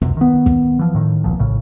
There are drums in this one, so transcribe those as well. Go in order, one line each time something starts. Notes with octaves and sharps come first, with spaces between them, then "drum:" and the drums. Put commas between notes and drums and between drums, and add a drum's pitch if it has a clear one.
C#2 F#2 C3, drum: kick
D#3 B3
drum: kick
E3 F3
A2 D#3
D1 B1 A#2 F3
A#1 A2 C#3